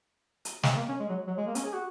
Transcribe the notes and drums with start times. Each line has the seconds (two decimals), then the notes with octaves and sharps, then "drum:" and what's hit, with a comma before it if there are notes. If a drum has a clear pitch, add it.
0.45 drum: hi-hat
0.63 G#3, drum: snare
0.76 A#3
0.88 C#4
1.00 G#3
1.09 F#3
1.27 F#3
1.37 G#3
1.47 A#3
1.55 C#4, drum: hi-hat
1.65 G#4
1.74 F#4